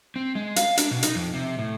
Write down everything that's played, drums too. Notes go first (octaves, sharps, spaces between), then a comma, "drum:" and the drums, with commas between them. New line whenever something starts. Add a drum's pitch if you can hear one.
C4
G#3
F5, drum: hi-hat
D4, drum: hi-hat
B2
D#4, drum: hi-hat
F2
C3
A2